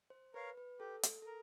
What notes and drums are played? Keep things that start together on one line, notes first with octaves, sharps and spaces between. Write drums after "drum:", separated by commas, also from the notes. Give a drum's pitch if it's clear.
C5
A#4 B4 C#5 F5
B4
G4 A4
drum: hi-hat
A4
A#4